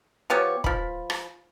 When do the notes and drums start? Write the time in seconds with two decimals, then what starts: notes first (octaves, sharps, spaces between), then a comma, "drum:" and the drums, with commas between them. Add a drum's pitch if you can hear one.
0.30 F3 B3 G4 C#5
0.64 F3 B5, drum: kick
1.10 drum: rim click